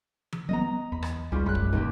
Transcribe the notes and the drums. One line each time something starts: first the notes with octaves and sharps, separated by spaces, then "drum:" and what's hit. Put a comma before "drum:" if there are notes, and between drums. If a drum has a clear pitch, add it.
drum: tom E3
F#3 A#3 B3 D#5 A#5
E2 B5
drum: rim click
C#2 G3 C#4 F4
A#1 F#2 G#3 B5 F#6
drum: kick
D#2 A#2 G4